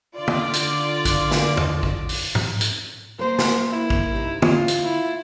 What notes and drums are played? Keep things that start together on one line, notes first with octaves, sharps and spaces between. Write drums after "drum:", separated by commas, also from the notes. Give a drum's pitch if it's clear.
D3 F4 D5
drum: tom
drum: hi-hat
drum: kick A1, hi-hat
drum: snare
drum: tom
drum: kick A1
drum: open hi-hat
drum: tom
drum: hi-hat
A#3 A#4 C5
drum: snare
E4
drum: kick A1
C3 D#4
F4, drum: tom
drum: hi-hat
E4